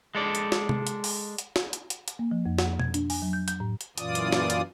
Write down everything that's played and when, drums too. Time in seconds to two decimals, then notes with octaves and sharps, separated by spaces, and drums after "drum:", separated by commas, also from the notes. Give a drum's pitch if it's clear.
0.15 G#3 A4 D5
0.35 drum: hi-hat
0.52 drum: snare
0.69 drum: tom
0.87 drum: hi-hat
1.04 drum: open hi-hat
1.38 drum: hi-hat
1.56 drum: snare
1.73 drum: hi-hat
1.90 drum: hi-hat
2.08 drum: hi-hat
2.19 A#3
2.31 F3
2.46 F2
2.59 F#5, drum: snare
2.80 G#6, drum: tom B2
2.94 D4, drum: hi-hat
3.10 G#5, drum: open hi-hat
3.22 F#3
3.33 G6
3.48 G6, drum: hi-hat
3.60 A2
3.81 drum: hi-hat
3.98 F#2 A#2 E3 F4 D5 D#6, drum: hi-hat
4.15 drum: hi-hat
4.33 drum: snare
4.50 drum: hi-hat